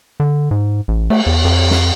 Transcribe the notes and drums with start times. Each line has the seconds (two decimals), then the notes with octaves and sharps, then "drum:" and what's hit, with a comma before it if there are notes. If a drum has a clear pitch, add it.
0.20 D3
0.51 G#2
0.88 A1
1.10 A3, drum: cymbal
1.26 E2
1.45 F2, drum: cymbal
1.70 drum: snare